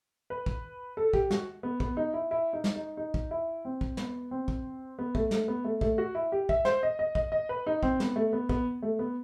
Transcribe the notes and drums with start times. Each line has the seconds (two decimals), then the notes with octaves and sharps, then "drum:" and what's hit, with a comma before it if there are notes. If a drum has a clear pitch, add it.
0.30 B4
0.46 drum: kick
0.97 A4
1.13 G4, drum: kick
1.31 F#4, drum: snare
1.63 B3
1.80 B3, drum: kick
1.97 D#4
2.14 E4
2.31 E4
2.53 D#4
2.64 drum: snare
2.75 D#4
2.97 D#4
3.14 drum: kick
3.31 E4
3.65 C4
3.81 drum: kick
3.97 B3, drum: snare
4.31 C4
4.48 drum: kick
4.99 B3
5.15 A3, drum: kick
5.31 A3, drum: snare
5.48 B3
5.65 A3
5.81 A3, drum: kick
5.98 F#4
6.15 E4
6.32 G4
6.49 E5, drum: kick
6.65 C5, drum: snare
6.83 D#5
6.99 D#5
7.15 D#5, drum: kick
7.32 D#5
7.49 B4
7.67 D#4
7.83 C4, drum: kick
8.00 B3, drum: snare
8.16 A3
8.33 B3
8.49 B3, drum: kick
8.82 A3
8.99 B3